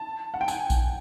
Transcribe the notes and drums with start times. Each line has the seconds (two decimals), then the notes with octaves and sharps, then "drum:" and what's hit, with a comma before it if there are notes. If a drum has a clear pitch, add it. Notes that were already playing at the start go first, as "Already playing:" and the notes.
Already playing: A5
0.34 F#5
0.41 G5
0.48 G#5, drum: tambourine
0.70 drum: kick A#1, tambourine